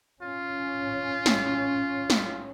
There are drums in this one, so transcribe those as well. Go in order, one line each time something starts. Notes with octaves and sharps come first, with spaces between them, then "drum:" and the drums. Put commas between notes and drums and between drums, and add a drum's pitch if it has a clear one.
C#4 F4
drum: snare
drum: snare